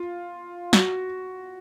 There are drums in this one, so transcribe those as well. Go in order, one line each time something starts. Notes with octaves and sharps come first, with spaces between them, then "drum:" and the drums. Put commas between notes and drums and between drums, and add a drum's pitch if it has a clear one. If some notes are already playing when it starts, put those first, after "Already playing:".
Already playing: F4
F#4, drum: snare